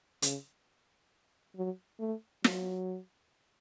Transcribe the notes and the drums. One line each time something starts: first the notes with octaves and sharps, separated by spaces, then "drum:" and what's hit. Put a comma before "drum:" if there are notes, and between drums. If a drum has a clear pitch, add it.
C#3, drum: hi-hat
F#3
A3
F#3, drum: snare